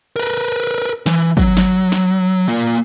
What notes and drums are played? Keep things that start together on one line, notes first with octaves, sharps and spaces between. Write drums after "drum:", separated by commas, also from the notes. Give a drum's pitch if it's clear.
A#4 B4
E3, drum: snare
F#3, drum: kick
drum: snare
drum: snare
A#3 F4